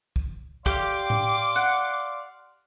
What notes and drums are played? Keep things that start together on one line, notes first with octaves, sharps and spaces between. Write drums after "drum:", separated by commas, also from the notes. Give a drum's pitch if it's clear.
drum: kick
G4 D5 F5 C6 D6, drum: kick
drum: tom A2
F#5